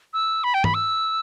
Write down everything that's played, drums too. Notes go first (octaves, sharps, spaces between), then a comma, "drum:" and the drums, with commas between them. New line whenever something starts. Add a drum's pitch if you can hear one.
E6
B5
G5
B5, drum: tom
E6